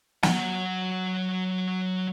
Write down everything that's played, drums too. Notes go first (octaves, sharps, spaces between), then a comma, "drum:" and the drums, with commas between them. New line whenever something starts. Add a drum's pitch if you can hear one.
F#3 F#5, drum: snare